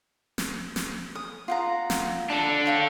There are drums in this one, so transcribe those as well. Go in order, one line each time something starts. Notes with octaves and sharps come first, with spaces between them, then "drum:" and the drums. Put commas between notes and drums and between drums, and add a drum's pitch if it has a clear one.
drum: snare
drum: snare
D#6
F4 F#5 A#5
drum: snare
D4 A4
C#5 F5 G5